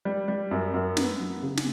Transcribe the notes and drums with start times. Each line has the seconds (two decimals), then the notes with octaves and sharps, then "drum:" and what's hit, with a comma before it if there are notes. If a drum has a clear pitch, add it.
0.05 G3
0.28 G3
0.51 F#2
0.74 F#2
0.97 B3, drum: snare
1.19 F#3
1.43 C#3
1.57 drum: snare